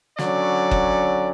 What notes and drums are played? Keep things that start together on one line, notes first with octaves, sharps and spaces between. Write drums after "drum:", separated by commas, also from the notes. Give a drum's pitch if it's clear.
D3 F#3 C#4 D5, drum: snare
drum: kick F#1